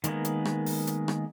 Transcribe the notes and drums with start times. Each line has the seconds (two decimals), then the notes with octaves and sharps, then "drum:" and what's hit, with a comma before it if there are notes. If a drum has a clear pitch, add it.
0.04 D#3 G#3 A#3 B3, drum: hi-hat
0.25 drum: hi-hat
0.45 drum: rim click
0.66 drum: open hi-hat
0.87 drum: hi-hat
1.08 drum: rim click